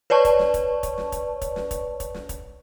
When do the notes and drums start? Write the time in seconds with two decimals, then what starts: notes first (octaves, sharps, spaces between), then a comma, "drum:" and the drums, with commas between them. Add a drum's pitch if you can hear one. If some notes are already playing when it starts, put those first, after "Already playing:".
0.10 B4 C#5 D5 A5 C#6
0.25 drum: kick, hi-hat
0.39 drum: snare
0.54 drum: kick, hi-hat
0.83 drum: kick, hi-hat
0.98 drum: snare
1.12 drum: kick, hi-hat
1.41 drum: kick, hi-hat
1.56 drum: snare
1.71 drum: kick, hi-hat
2.00 drum: kick, hi-hat
2.14 drum: snare
2.29 drum: kick, hi-hat